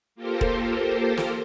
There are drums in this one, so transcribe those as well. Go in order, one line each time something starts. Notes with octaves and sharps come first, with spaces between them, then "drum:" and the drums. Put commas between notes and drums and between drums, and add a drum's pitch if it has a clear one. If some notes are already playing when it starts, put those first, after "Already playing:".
A#3 F4 G4 A4 A#4 C5
drum: kick E1
drum: snare